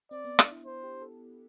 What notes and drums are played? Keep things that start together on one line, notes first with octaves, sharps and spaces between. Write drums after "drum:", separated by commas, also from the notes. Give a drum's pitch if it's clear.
C4 D5
B3
D4, drum: rim click
E4
E4 C5
G4
A4